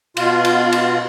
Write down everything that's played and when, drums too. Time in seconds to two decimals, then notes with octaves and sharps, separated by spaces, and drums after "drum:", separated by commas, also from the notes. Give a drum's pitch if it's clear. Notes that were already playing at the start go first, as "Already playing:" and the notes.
0.17 B2 F4, drum: cymbal
0.45 drum: cymbal
0.73 drum: cymbal